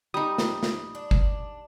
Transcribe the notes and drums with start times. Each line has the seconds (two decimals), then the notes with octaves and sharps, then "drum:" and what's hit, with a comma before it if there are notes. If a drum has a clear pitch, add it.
0.14 G3 D#4 D#6
0.38 drum: snare
0.63 drum: snare
0.95 D4
1.11 drum: kick G1